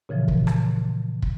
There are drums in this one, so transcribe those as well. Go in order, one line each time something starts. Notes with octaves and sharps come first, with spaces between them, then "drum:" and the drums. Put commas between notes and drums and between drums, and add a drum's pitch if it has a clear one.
A#2 C#3 E3 F3
drum: kick
drum: rim click
drum: kick